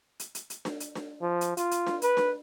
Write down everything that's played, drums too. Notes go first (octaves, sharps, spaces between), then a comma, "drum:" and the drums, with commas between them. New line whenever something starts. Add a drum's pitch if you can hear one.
drum: hi-hat
drum: hi-hat
drum: hi-hat
drum: snare D4
drum: hi-hat
drum: snare D4
F3
drum: hi-hat
F4, drum: hi-hat
drum: hi-hat
drum: snare D4
B4, drum: hi-hat
drum: snare D4